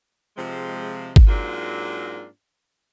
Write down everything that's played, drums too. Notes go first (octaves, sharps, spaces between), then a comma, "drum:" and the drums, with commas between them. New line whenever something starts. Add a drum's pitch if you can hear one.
C3 F3 G#3
drum: kick G1
G#2 F#3 A#3 C4 D4 F4